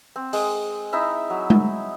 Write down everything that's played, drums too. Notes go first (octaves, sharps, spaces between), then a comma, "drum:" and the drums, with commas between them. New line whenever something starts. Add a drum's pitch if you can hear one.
C4
G#3, drum: open hi-hat
D#4 E4 E5
F#3
drum: tom G#3